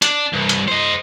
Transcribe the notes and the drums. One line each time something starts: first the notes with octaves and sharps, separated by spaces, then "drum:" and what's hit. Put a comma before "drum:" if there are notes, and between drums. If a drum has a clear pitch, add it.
D4, drum: hi-hat
C2 G2
drum: hi-hat
C5 D#5